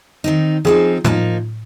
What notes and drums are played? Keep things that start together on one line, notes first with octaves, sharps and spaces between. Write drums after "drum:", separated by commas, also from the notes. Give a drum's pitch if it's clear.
D#3 C4 D#4
F3 C4 D#4 G#4
F3 A#3 D#4, drum: tom A2